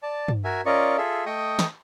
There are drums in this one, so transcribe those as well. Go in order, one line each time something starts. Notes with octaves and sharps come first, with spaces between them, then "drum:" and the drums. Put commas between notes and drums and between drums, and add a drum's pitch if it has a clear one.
D5 A5
drum: tom G2
F#4 A#4 E5 G#5
C#4 F4 A#4 D5 D#5 C#6
F4 G#4 A4 E5
A3 D#5 G5 C#6 D#6
drum: snare